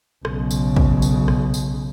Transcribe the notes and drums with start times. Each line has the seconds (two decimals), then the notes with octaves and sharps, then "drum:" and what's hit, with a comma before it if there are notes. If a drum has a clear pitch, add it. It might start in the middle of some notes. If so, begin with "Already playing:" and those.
0.25 B1 C#3, drum: rim click
0.51 drum: tambourine
0.76 drum: kick
1.02 drum: tambourine
1.28 drum: rim click
1.54 drum: tambourine